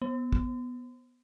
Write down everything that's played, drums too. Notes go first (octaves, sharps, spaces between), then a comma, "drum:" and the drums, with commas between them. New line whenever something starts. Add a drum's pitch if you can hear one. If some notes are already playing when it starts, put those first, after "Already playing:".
B3
drum: kick